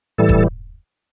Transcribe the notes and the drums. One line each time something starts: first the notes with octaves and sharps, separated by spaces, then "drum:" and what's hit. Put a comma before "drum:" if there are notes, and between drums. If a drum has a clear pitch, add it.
A2 E3 G3 A4
drum: kick